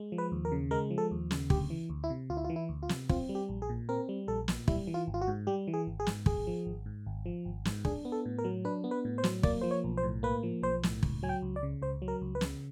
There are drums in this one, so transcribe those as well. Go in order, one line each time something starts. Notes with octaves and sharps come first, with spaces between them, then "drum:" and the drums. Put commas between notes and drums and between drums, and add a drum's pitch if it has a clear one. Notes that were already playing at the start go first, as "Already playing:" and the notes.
Already playing: G#3
F3
B4
D#2
A#4
C#3
G#3 A#4
F3
A4
D#2
C#3, drum: snare
D2 G4, drum: kick
E3
D2
E4
C3
D2 F4
E4
F4
E3
E4
D2
F4
C3, drum: snare
C4 F4, drum: kick
G3
G4
A#1
G#4
A#2
C4 A#4
G3
A#1 A4
A#2, drum: snare
G3 E4, drum: kick
E3
F4
G#1
F4
F#4
G#2
G3 G4
E3
G#4
G#1
G#4
G#2, drum: snare
G#1 G#4, drum: kick
F3
G#1
G#2
G#1
F3
G#1
G#2, drum: snare
D4 G#4, drum: kick
B3
A4
A2
A#4
F#3
D4 B4
B3
B4
A2
C5
F#3, drum: snare
A#3 D5, drum: kick
F3 C5
C#5
B1
C5
A2
A#3 B4
F3
B1 C5
A2, drum: snare
C#2, drum: kick
F#3 G#5
G5
C#2
D5
C#3
C#2 C5
F#3
A#4
C#2
B4
C#3, drum: snare